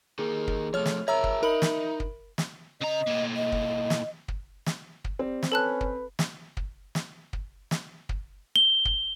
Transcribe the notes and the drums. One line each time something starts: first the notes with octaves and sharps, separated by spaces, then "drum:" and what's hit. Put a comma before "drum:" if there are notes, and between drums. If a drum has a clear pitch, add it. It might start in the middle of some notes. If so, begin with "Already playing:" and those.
D#3 A#3 G#4
drum: kick
F3 A3 C#5 F6
drum: snare
G#4 A#4 C#5 E5 A#5 E6
drum: kick
D#4 A#4 B5 F#7
drum: snare
drum: kick
drum: snare
C#3 D#5 A#5
A2 A#3
D#5
drum: kick
drum: snare
drum: kick
drum: snare
drum: kick
G3 C4
drum: snare
C#4 A4 B4 A5 F#6
drum: kick
drum: snare
drum: kick
drum: snare
drum: kick
drum: snare
drum: kick
G7
drum: kick